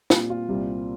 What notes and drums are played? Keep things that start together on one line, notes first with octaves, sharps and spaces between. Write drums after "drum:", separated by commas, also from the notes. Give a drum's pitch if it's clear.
A#2 G3 C4 F4, drum: snare
F4
C2 A#2 G3 C4